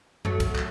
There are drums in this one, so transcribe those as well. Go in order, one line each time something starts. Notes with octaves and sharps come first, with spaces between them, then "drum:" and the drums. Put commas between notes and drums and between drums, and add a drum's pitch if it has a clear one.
F#3 A3, drum: tom F#2
drum: kick, cymbal
drum: clap